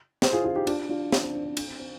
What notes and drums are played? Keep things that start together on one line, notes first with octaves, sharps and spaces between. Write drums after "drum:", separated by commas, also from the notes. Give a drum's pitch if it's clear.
G#4 C5, drum: snare
F4 G#4
F4 G#4
D#4 G4
D4 F4, drum: cymbal
D4 F4
D4, drum: snare
C4
D4
C4
D4, drum: cymbal
C4
C4